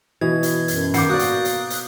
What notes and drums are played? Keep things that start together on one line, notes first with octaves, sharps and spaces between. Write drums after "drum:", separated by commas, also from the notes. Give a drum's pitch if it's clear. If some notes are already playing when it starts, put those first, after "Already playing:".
B2 E3 G#6
drum: hi-hat
F#2, drum: hi-hat
G#2 D#3 F#5 D6 G6 C7, drum: hi-hat
A#3 F#4 D5 D#6 F#6
drum: hi-hat
drum: hi-hat
drum: hi-hat